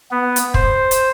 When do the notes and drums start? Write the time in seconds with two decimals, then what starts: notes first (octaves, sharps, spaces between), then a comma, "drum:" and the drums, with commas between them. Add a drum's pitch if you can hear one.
0.11 B3
0.36 drum: hi-hat
0.54 C5, drum: kick
0.91 drum: hi-hat